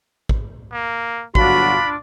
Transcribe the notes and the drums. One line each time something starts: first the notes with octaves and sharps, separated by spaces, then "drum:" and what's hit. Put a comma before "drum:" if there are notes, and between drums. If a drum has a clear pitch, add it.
drum: kick A1
A#3
G1 F#3 D4 F4 F#4 B5, drum: kick A1